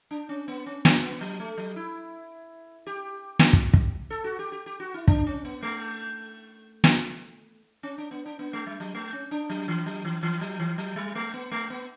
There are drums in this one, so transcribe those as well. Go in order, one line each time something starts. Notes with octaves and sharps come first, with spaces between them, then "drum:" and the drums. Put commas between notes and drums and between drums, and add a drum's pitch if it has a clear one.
D4
C#4
B3
C#4
C#4, drum: snare
B3
F#3
A3
F#3
E4
G4
drum: snare
drum: kick
drum: kick
A4
F#4
G4
G4
G4
F#4
E4
D4, drum: kick
C#4
B3
A3
drum: snare
C#4
D4
B3
D4
B3
A3
G3
F#3
A3
C#4
D4
F#3
E3
F#3
E3
E3
F#3
E3
F#3
G3
A3
B3
A3
B3